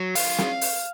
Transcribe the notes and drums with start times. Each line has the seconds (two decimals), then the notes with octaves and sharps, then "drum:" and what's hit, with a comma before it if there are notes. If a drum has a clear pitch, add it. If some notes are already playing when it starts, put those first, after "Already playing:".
Already playing: F#3
0.15 D#4 F5, drum: open hi-hat
0.38 drum: snare
0.61 drum: open hi-hat